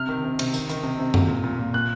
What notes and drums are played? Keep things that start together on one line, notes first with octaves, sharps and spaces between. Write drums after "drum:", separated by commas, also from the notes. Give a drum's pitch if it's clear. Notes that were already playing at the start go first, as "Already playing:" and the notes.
Already playing: C3 F6
D#3
C3
C3, drum: cymbal
D#3, drum: tambourine
D#3, drum: hi-hat
C3
C3
A#2, drum: tom F#2
A#2
A#2
A#2
A#2 F#6